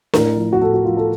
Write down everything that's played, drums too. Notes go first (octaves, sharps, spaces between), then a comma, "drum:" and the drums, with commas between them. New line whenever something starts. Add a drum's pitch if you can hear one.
A2 A#4, drum: snare
F3
F#4
A2 A4
F#4
F3 F4
A4